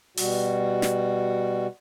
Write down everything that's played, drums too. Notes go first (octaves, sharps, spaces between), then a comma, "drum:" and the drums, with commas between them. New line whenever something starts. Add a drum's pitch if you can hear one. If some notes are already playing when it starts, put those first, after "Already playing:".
B2 G3 F#4, drum: open hi-hat
drum: snare